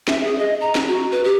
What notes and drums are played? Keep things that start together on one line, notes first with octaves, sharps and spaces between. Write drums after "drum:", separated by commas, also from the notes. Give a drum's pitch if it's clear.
E5, drum: snare
G#4
D#5
A#5
drum: snare
F#4
B4
G4